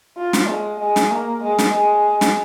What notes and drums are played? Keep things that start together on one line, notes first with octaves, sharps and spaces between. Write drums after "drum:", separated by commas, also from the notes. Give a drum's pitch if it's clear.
F4
drum: snare
G#3
G#3
drum: snare
A#3
G#3
drum: snare
G#3
drum: snare